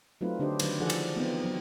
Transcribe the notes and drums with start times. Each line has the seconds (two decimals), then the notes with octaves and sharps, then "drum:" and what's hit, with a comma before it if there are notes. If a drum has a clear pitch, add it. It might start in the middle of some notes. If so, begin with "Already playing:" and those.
0.21 F#3 A3 C4 D#4 F4 B4
0.39 D3 D4 G4 C5 D#5
0.59 D#3 F#3 B4, drum: cymbal
0.79 E3 F3 G#4 A4 D5 F#5
0.90 drum: cymbal
1.16 G#3 B3 C4 D#4 F4
1.44 F#3 B3